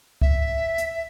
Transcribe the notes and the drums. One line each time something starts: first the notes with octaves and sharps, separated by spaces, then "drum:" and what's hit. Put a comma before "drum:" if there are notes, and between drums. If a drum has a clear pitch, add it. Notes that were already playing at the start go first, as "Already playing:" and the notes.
E5, drum: kick
drum: hi-hat